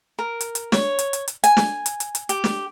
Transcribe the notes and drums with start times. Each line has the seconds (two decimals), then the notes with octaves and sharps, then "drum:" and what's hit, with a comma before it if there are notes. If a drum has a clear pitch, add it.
0.19 A#4
0.40 drum: hi-hat
0.55 drum: hi-hat
0.72 C#5, drum: snare
0.99 drum: hi-hat
1.13 drum: hi-hat
1.28 drum: hi-hat
1.44 G#5, drum: hi-hat
1.57 drum: snare
1.86 drum: hi-hat
2.00 drum: hi-hat
2.15 drum: hi-hat
2.29 G4, drum: hi-hat
2.44 drum: snare